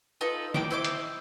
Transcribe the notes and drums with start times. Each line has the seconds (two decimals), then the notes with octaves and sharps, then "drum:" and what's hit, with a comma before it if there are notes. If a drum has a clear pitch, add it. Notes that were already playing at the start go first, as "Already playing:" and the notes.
0.21 D#4 F4 A4 B4
0.54 G5 D6, drum: snare
0.71 E4 C5 D#5 D6
0.84 drum: hi-hat